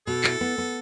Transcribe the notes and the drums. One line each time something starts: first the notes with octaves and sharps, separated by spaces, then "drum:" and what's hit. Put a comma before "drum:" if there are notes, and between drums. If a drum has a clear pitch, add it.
B2 A4
E4, drum: clap
B3
B3